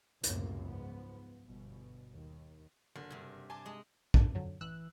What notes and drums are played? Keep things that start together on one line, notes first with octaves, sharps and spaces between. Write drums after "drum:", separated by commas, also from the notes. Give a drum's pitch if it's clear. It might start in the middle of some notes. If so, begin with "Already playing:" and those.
C#2 F#2 A2 C3 A#3, drum: hi-hat
G#2 F3 B3
G1 B2
D#2 D#3
F#1 D3
G2 C3
G#5 A5 C6 D6
G#3 D#5
F2 D4, drum: kick
D3 F#3
A1 E3 E6 F#6